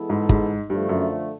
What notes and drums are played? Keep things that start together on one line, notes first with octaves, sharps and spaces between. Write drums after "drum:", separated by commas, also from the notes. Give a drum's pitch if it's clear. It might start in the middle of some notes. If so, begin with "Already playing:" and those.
Already playing: E3 G#3 B3 E4 A4
G#2
G#2, drum: kick
G2 D3 F3 A3
F#2